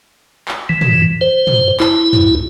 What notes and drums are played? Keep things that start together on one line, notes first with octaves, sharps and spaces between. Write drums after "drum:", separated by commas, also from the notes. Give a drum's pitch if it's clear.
drum: clap
E3
drum: tom
C5
drum: tom
E4, drum: clap
drum: tom